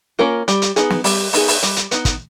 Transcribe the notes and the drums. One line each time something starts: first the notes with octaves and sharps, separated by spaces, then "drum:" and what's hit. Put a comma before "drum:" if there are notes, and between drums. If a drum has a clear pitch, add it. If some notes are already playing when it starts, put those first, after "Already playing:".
A#3 C#4 F4 A#4
G3, drum: hi-hat
drum: hi-hat
B3 D#4 G#4, drum: hi-hat
drum: snare
G3, drum: open hi-hat
B3 D#4 G#4, drum: open hi-hat
drum: open hi-hat
G3, drum: hi-hat
drum: hi-hat
B3 D#4, drum: hi-hat
drum: kick, hi-hat